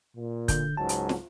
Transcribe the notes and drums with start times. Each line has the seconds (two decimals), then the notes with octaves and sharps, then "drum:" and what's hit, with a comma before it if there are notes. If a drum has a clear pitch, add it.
0.15 A#2
0.48 D3 G6, drum: kick, hi-hat
0.77 C#2 G#2 F#3 A5
0.89 drum: hi-hat
1.09 drum: snare